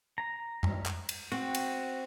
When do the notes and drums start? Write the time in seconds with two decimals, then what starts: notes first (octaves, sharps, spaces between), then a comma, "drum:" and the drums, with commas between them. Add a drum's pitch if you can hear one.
0.18 A#5
0.63 drum: tom F#2
0.86 drum: clap
1.09 drum: cymbal
1.32 C4 F#4
1.55 drum: cymbal